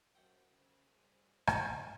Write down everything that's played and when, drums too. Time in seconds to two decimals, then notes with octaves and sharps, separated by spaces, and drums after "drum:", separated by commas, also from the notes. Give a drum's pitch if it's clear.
0.15 F#2 C5 F#5 G5
0.52 C#3
0.87 G2 G#4
1.47 E3, drum: rim click